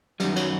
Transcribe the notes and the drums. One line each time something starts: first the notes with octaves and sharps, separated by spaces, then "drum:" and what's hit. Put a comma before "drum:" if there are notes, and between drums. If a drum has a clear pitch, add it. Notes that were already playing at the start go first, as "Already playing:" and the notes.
F#2 D#3 G3, drum: cymbal
F#3, drum: cymbal